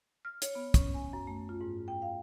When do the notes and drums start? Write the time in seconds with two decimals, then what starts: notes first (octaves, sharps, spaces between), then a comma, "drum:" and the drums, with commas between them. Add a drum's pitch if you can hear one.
0.25 F6
0.42 C#5, drum: hi-hat
0.55 B3
0.74 C#4, drum: kick, hi-hat
0.94 G#5
1.13 F#2
1.27 A3
1.49 F4
1.61 G#2
1.88 G5
2.02 F5